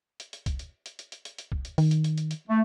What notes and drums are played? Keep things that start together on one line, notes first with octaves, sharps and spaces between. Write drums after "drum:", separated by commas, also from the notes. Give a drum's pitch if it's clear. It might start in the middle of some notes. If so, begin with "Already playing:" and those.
drum: hi-hat
drum: hi-hat
drum: kick, hi-hat
drum: hi-hat
drum: hi-hat
drum: hi-hat
drum: hi-hat
drum: hi-hat
drum: hi-hat
drum: kick
drum: hi-hat
D#3, drum: open hi-hat
drum: hi-hat
drum: hi-hat
drum: hi-hat
drum: hi-hat
A3